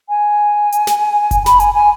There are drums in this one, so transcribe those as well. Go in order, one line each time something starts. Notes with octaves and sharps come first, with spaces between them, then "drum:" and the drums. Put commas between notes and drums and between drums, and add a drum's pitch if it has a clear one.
G#5
drum: hi-hat
drum: snare
drum: kick F#1, hi-hat
B5, drum: snare
G#5, drum: hi-hat
G#5